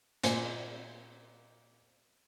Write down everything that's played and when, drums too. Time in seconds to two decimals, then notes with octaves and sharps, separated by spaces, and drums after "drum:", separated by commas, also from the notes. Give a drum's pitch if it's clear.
0.23 A#2 C5 G#5, drum: hi-hat